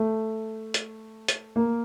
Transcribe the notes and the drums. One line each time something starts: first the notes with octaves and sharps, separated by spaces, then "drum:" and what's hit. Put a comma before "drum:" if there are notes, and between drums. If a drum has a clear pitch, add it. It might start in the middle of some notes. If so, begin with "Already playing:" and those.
Already playing: A3
drum: hi-hat
drum: hi-hat
A#3